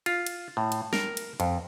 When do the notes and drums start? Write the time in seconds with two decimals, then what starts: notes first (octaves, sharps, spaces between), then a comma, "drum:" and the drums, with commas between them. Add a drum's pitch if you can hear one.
0.06 F4, drum: cymbal
0.26 drum: cymbal
0.57 A2
0.72 drum: cymbal
0.93 A#4, drum: snare
1.17 drum: cymbal
1.40 F2, drum: cymbal